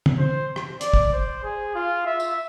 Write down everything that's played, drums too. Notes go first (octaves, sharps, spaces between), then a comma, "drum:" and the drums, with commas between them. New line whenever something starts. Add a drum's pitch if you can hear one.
drum: tom
C5
drum: rim click
D5, drum: hi-hat
drum: kick
C5
G#4
F4
E5
drum: tambourine